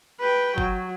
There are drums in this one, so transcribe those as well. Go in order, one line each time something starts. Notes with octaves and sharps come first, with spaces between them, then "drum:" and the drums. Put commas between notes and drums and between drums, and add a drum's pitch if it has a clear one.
B4 G5
F#3, drum: kick G1